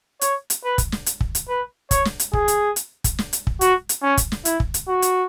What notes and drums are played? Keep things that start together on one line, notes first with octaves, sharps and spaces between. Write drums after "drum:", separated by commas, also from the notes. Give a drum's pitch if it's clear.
C#5, drum: hi-hat
drum: hi-hat
B4
drum: kick, hi-hat
drum: snare
drum: hi-hat
drum: kick
drum: hi-hat
B4
C#5, drum: kick, hi-hat
drum: snare
drum: hi-hat
G#4, drum: kick
drum: hi-hat
drum: hi-hat
drum: kick, hi-hat
drum: snare
drum: hi-hat
drum: kick
F#4, drum: hi-hat
drum: hi-hat
C#4
drum: kick, hi-hat
drum: snare
E4, drum: hi-hat
drum: kick
drum: hi-hat
F#4
drum: hi-hat